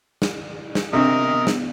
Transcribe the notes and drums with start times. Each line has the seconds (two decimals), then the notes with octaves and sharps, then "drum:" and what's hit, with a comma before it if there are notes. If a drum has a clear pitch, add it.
0.22 drum: snare
0.75 drum: snare
0.93 C3 B3 D4 A#4 D#5
1.47 drum: snare